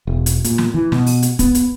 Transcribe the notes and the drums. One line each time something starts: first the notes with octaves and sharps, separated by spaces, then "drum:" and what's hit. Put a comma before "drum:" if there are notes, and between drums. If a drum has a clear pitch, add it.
E1
drum: hi-hat
A#2, drum: hi-hat
drum: snare
E3
B2, drum: snare
drum: open hi-hat
drum: hi-hat
B3, drum: kick, hi-hat
drum: hi-hat